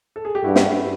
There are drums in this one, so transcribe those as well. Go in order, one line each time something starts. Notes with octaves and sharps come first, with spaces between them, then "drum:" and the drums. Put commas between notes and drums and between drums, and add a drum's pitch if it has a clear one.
A4
G#4
G4
G2 E4 F#4
drum: snare